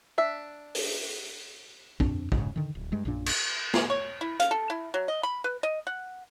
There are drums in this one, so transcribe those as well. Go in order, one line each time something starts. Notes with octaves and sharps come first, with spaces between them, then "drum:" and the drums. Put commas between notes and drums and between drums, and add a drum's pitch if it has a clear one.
D4 E5
drum: open hi-hat
F2 C4 D4, drum: kick
F1 G#2 C#3, drum: kick
D3 D#3
D1
G2 G#3
A#1 F#2 A#2 D4
drum: cymbal
G#4, drum: snare
C#5
E4
F5, drum: hi-hat
A4
E4
F#3
D#5
B5
B4
D#5
F#5